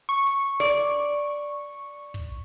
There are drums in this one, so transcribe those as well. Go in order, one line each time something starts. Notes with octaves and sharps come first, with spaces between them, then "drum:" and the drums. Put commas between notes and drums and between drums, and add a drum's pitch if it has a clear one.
C#6
drum: hi-hat
D5, drum: hi-hat
drum: kick